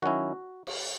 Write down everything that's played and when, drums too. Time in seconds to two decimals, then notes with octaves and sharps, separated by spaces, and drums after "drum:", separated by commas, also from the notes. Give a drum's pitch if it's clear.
0.02 D#3 F#3 C#4 E4 F#4
0.67 drum: cymbal